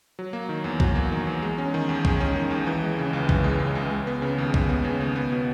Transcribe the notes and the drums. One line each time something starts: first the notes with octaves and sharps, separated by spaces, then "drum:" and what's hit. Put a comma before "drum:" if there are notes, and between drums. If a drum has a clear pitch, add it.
F#3
A#3
D#3
E2
F#3, drum: kick B1
A#3
D#3
E2
G#3
C#4
D#3
D#2
G#3, drum: kick B1
C#4
D#3
D#2
E3
G#3
C#3
C#2
E3, drum: kick B1
G#3
C#3
C#2
G#3
B3
C#3
D#2
G#3, drum: kick B1
B3
C#3
D#2
B3
B2